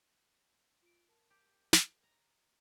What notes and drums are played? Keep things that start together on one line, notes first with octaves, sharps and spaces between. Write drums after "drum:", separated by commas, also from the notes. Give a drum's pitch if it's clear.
F4 D7
A#4 A5
G4
drum: snare
A#5